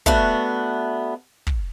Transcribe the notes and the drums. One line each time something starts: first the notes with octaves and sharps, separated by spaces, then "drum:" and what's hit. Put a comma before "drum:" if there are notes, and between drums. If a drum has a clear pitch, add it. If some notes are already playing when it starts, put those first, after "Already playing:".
A3 B3 D4 F#4, drum: kick
drum: kick